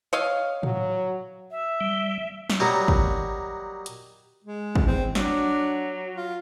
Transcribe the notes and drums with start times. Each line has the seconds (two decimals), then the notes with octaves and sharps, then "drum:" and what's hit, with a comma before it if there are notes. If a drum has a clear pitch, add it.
0.13 C#5 D#5 F5
0.63 F#3, drum: tom A2
1.51 E5
1.81 G3
2.50 drum: snare
2.60 F#3 G3 A#3 D#4 F#4
2.88 drum: kick
3.86 drum: hi-hat
4.44 G#3
4.75 drum: kick
4.87 E2 C4
5.15 F#3 D4, drum: snare
6.17 F4